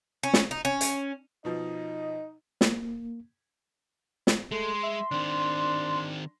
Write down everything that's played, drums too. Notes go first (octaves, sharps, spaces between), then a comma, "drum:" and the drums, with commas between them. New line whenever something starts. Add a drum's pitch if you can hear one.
C#4
drum: snare
D#4
C#4
drum: hi-hat
B2 F3 D#4 D#5
A#3, drum: snare
drum: snare
G#3 A3 C6
E5
D#3 C4 D4